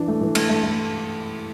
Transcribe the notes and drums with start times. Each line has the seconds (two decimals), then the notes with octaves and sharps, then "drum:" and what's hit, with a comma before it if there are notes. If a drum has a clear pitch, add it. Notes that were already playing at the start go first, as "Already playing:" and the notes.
Already playing: E3 D4
0.08 A3
0.21 E3
0.35 A3, drum: cymbal
0.49 A3
0.63 A3